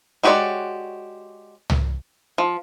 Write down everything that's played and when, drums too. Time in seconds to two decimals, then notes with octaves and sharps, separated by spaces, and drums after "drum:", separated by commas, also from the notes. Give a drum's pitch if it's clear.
0.23 G#3 F#4 G4 C#5 D5
1.70 drum: tom
2.38 F3